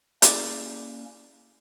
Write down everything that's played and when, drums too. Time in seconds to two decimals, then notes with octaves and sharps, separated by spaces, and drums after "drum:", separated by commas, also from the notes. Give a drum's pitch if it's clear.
0.22 A#3 C#4 E4 G#4 A#4 D5, drum: hi-hat